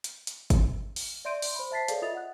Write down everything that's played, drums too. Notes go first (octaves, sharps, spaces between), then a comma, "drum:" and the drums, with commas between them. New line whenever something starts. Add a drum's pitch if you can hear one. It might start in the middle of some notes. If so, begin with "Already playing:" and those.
drum: hi-hat
drum: hi-hat
drum: kick G1, hi-hat
drum: open hi-hat
D5 E5 C6 G6 D7 D#7
drum: open hi-hat
C5 B5
C5 E5 A5 A6 B6 C7
G#4 A4 B4 C#5 D5 F5, drum: hi-hat
F4 D#5 E5 D#6 A6 F7
F#5 F#6